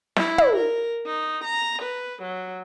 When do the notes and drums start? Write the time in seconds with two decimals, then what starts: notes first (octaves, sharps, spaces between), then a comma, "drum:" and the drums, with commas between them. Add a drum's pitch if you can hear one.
0.16 E4, drum: snare
0.38 drum: tom
0.56 A#4
1.06 D#4
1.44 A#5
1.82 B4
2.22 F#3